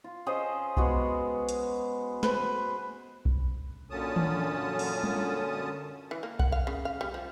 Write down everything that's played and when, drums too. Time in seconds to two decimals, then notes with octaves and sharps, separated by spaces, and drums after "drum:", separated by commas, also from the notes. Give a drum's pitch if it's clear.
0.04 F4
0.26 C#4 G#4 C5 D#5
0.77 G#3 B3 F#4 G#4, drum: kick B1
1.49 drum: hi-hat
2.23 B4 C5, drum: snare
3.25 drum: kick B1
3.90 F#2 A#2 D3 C#4 A5 D#6
4.16 drum: tom D#3
4.79 drum: open hi-hat
5.03 drum: tom G3
6.11 E3
6.23 A#3
6.39 F#5, drum: kick B1
6.52 F5
6.67 C#3
6.85 F5
7.01 G3
7.14 F3